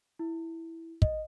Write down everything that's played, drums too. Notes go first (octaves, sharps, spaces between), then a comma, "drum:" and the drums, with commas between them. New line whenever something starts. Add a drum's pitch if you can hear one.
E4
D#5, drum: kick